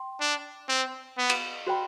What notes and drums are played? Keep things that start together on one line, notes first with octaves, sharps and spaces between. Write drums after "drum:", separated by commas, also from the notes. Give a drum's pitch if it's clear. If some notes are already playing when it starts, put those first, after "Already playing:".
Already playing: G5 C6
D4
C4
B3
drum: cymbal
F#4 C5 G5 B5